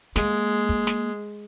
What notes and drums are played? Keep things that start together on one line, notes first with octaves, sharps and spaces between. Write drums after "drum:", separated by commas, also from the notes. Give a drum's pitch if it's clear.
G#3 A#3, drum: snare
drum: kick
drum: snare